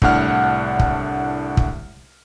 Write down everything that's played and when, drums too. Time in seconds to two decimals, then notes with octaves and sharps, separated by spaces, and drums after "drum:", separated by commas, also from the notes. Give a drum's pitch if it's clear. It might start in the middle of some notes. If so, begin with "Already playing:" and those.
0.02 C2 A2 D4 F#5 F6, drum: kick
0.79 drum: kick
1.57 drum: kick